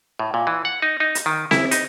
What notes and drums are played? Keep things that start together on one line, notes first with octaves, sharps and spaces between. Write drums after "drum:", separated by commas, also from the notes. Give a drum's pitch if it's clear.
A2
A#2
E3
F#5
D#4
D#4
drum: hi-hat
D#3
E4, drum: snare C4
D#4, drum: hi-hat